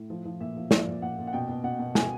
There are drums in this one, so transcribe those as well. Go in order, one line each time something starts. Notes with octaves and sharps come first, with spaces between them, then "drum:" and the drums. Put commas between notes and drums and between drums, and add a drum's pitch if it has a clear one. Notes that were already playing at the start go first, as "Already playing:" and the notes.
Already playing: A2
F3
F3
A#2 E5
F3
F3 D5, drum: snare
A#2
A#2 F#5
A#2
F#5
B2 G5
B2
B2 F#5
B2
B2 G#5, drum: snare